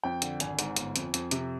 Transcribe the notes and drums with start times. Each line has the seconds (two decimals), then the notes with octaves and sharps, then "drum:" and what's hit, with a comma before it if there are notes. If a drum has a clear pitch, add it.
0.04 F2 G5
0.22 D3, drum: hi-hat
0.40 G#1 G#5, drum: hi-hat
0.59 G#2, drum: hi-hat
0.76 G1, drum: hi-hat
0.96 F2, drum: hi-hat
1.14 F2, drum: hi-hat
1.31 C3, drum: hi-hat